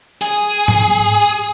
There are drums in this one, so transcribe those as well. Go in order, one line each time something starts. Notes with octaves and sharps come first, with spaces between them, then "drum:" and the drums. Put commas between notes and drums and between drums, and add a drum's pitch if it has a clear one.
G#4, drum: hi-hat
drum: tom G#2